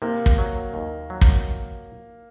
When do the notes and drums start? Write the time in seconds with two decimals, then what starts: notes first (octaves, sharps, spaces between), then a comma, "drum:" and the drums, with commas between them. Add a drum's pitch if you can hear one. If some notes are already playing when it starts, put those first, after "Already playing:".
0.02 C3 A#3
0.26 drum: kick
0.38 F#3
0.74 D#2
1.10 F#3
1.21 drum: kick